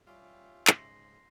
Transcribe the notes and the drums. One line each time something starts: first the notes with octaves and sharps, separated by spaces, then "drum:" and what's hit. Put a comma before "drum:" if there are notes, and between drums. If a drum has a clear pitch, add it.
G3 C#4 F4 G4 E5
G#2 C#3 G#3 C6 A#6 C7, drum: clap